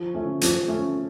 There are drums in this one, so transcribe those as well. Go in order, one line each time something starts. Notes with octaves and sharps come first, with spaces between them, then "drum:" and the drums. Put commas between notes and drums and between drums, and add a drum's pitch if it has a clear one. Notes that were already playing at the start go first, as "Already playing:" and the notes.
Already playing: F3
A3 C#4
F3, drum: hi-hat
A3 C#4